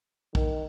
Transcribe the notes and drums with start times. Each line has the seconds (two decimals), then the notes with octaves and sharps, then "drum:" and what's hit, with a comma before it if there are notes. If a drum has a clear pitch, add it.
0.35 D#3, drum: kick